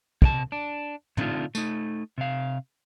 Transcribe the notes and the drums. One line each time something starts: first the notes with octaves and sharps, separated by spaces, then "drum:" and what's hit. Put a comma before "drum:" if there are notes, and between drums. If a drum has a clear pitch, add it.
C3 D5 A5, drum: kick
D4
D3 A3 C4 D4 D#4 F4, drum: tom
A3 D#4, drum: tambourine
C3 F5